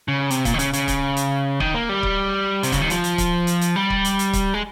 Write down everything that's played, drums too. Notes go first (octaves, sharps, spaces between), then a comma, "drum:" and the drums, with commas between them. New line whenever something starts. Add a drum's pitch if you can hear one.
C#3
C3, drum: hi-hat
A#2, drum: kick C#1, hi-hat
D#3
C#3, drum: hi-hat
C#3, drum: hi-hat
drum: kick C#1, hi-hat
drum: hi-hat
D#3, drum: kick C#1
A#3
G3
drum: kick C#1
C3, drum: hi-hat
C#3, drum: kick C#1, hi-hat
D#3
F3, drum: hi-hat
drum: hi-hat
drum: kick C#1, hi-hat
drum: hi-hat
drum: hi-hat
G3
drum: kick C#1
drum: hi-hat
drum: hi-hat
drum: kick C#1, hi-hat
G#3